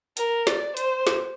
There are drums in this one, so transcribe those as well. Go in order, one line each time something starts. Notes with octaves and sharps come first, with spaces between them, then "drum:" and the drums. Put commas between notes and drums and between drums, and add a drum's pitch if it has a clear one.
A#4, drum: hi-hat
D5, drum: snare
C5, drum: hi-hat
drum: snare